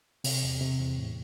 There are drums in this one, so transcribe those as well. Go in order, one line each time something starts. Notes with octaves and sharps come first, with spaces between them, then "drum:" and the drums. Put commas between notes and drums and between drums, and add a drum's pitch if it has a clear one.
C3, drum: open hi-hat
E2
C3
E2
A2